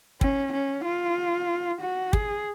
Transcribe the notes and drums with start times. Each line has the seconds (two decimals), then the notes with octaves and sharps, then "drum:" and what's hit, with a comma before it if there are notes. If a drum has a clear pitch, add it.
0.21 C#4, drum: kick
0.53 C#4
0.85 F4
1.81 F#4
2.13 G#4, drum: kick